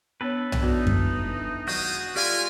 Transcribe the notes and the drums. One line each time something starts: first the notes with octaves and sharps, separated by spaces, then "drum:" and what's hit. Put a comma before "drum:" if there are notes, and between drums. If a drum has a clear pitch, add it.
B3 D4 A4 B4 C#5
drum: tom B1
E3 B3 D4 D#4 F#4 D5
drum: kick F#2
D#3 F#3 G#3 F4 F#4 D#6 G6
G#3 E4 F4 G4 A4 D5 G#5